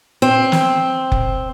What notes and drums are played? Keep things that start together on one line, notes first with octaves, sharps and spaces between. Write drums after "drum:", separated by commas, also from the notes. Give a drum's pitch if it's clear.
C4
drum: snare
drum: kick F1